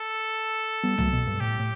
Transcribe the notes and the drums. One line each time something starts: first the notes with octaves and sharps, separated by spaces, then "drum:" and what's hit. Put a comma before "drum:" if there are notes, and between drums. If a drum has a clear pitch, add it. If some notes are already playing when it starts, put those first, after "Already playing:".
Already playing: A4
G3 B3
F#3 A3, drum: tom C2
B2
G2
A2 G4
A2